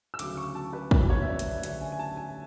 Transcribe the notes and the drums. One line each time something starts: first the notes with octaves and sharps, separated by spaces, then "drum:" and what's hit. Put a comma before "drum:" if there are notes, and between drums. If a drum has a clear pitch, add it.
E6
D2 C#3 F#3 D6, drum: hi-hat
C#6
A5
B4
D2 C#3 F#3 B4, drum: kick
C#5
E5
D5
drum: hi-hat
D2 C#3 F#3 E5, drum: hi-hat
G#5
G#5
A5
G#5